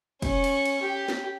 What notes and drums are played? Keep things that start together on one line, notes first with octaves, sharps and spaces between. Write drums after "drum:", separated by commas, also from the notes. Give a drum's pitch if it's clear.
C#4 C#6, drum: kick F1, cymbal
drum: cymbal
drum: cymbal
G4
drum: snare